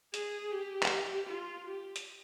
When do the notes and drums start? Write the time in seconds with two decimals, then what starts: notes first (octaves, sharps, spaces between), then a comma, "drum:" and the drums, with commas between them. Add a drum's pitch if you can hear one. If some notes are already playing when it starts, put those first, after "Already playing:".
0.14 G#4, drum: hi-hat
0.51 G4
0.83 drum: clap
1.29 F4
1.67 G4
1.96 drum: hi-hat